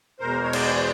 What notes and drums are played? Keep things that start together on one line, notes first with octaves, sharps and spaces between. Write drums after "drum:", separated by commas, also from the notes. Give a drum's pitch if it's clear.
E2 B2 G#3 A#4 C5
C#5
C5 D5, drum: cymbal
C5